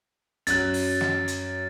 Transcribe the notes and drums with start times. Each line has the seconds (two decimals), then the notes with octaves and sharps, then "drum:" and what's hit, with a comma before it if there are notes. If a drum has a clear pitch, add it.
0.47 F#2 F#3 F#6 A6, drum: hi-hat
0.74 drum: open hi-hat
1.01 drum: snare
1.28 drum: hi-hat